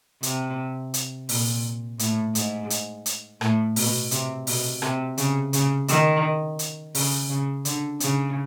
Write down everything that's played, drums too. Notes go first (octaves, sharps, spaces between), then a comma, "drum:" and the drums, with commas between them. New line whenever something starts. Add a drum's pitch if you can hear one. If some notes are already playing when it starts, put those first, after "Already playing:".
C3, drum: hi-hat
drum: hi-hat
A#2, drum: open hi-hat
A2, drum: hi-hat
G#2, drum: hi-hat
drum: hi-hat
drum: hi-hat
A2, drum: rim click
B2, drum: open hi-hat
C3, drum: hi-hat
B2, drum: open hi-hat
C3, drum: rim click
C#3, drum: hi-hat
C#3, drum: hi-hat
D#3, drum: hi-hat
drum: hi-hat
C#3, drum: open hi-hat
C#3
D3, drum: hi-hat
C#3, drum: hi-hat